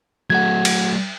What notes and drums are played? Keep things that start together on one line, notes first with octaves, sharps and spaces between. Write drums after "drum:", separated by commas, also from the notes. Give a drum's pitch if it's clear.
F#3 A3 F#5 G#6
drum: cymbal